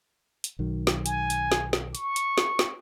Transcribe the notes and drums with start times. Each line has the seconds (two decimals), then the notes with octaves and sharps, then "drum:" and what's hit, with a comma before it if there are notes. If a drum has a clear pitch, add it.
0.44 drum: hi-hat
0.59 B1 D#3 F#3
0.87 drum: snare
1.06 G#5, drum: hi-hat
1.30 drum: hi-hat
1.52 drum: snare
1.73 drum: snare
1.95 C#6, drum: hi-hat
2.16 drum: hi-hat
2.38 drum: snare
2.59 drum: snare